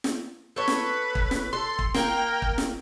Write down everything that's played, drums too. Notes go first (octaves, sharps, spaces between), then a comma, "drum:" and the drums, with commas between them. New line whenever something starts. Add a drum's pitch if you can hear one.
drum: snare
A4 B4 C#5
drum: snare
drum: kick
drum: snare
A4 C6
drum: kick
A#3 A#4 G5, drum: snare
drum: kick
drum: snare